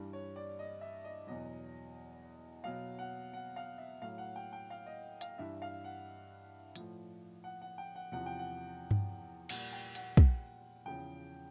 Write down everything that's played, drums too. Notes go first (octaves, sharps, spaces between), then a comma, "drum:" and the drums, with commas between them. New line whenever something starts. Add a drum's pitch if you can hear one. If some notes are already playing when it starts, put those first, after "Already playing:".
Already playing: G2 E3 G3
C#5
D5
D#5
E5
D#5
E2 B2 F#3 D#5
B2 F#3 F5
F#5
F#5
F5
E5
A2 F#3 F5
F#5
G5
G5
F5
D#5
F5, drum: hi-hat
G2 E3 G3 E5
F5
F#5
A2 F3, drum: hi-hat
F#5
F#5
G5
F#5
E2 C3 F3 F#5
G5
F#5
drum: tom G2
A#2 G3 F#5, drum: cymbal
G5
F#5, drum: hi-hat
drum: kick
E2 C#3 F3 G5